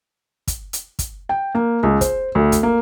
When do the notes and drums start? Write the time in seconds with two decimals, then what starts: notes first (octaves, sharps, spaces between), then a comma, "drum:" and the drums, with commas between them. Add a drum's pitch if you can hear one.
0.48 drum: kick, hi-hat
0.73 drum: hi-hat
0.99 drum: kick, hi-hat
1.29 G5
1.55 A#3
1.83 C#2
2.01 C5, drum: kick, hi-hat
2.35 D2
2.52 drum: kick, hi-hat
2.63 A#3